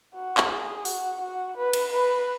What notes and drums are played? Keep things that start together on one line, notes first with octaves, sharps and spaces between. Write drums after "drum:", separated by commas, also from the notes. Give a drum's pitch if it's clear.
F#4
drum: clap
G#4
F#4, drum: open hi-hat
F#4
B4
drum: cymbal
B4